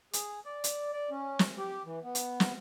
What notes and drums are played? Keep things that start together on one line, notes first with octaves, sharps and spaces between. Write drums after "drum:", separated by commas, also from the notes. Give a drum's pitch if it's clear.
G#4, drum: hi-hat
D5
drum: hi-hat
D5
C#4
drum: snare
G4
E3
B3
drum: hi-hat
drum: snare